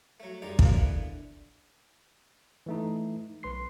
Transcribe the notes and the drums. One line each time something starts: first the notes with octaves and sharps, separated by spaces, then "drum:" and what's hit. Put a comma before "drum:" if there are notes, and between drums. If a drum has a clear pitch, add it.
F#3 A3
F#2 G3 G#3 D#4 D5
A#1 F2 B2 A#3, drum: kick
D3 E3 B3
E3 A3 D#4
B1 B4 C6 C7